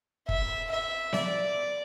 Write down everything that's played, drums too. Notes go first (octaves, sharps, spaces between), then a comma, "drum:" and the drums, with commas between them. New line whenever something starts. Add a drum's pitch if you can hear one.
E5, drum: kick
E5
D5, drum: snare B3